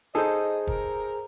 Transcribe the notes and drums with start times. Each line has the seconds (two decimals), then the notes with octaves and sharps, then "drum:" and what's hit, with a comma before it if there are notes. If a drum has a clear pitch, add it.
0.15 D#4 G#4 A4 C5 D#5
0.67 A#4, drum: kick